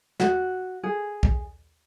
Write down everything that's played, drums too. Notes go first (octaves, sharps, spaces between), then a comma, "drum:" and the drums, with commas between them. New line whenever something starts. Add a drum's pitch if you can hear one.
F#4, drum: snare
G#4
drum: kick